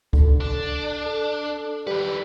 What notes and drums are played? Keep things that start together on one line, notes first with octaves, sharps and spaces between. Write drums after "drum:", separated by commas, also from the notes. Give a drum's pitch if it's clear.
D3, drum: kick C#2
D4
A4
D#3 G3 B4